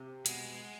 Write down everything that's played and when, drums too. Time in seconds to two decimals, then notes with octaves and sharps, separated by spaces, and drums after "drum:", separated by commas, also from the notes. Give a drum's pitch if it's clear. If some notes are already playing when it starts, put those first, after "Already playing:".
Already playing: C3
0.26 B2 G#3, drum: hi-hat